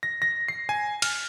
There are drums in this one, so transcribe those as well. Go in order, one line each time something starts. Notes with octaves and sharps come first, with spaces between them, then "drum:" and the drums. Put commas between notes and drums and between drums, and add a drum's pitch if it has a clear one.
A#6
A#6
C7
G#5
F6, drum: cymbal